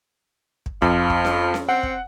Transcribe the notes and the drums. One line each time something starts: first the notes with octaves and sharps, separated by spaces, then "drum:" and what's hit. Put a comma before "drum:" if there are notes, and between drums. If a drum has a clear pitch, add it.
drum: kick
F2 F3, drum: kick
drum: kick
drum: snare C#4
drum: snare C#4
C4 F#5
drum: kick